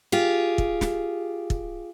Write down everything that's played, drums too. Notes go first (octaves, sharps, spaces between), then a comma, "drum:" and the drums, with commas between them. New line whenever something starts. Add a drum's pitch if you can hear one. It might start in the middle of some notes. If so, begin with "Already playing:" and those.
F4 G4 G#4
drum: kick
drum: snare
drum: kick